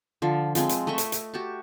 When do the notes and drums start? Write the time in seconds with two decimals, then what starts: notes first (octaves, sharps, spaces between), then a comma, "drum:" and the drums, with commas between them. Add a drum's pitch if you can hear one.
0.22 D3 F3
0.55 F3 G#3 C4, drum: hi-hat
0.69 drum: hi-hat
0.87 A3 D#5 E5 C#6
0.98 drum: hi-hat
1.12 drum: hi-hat
1.34 F#4 G4 A5 C#6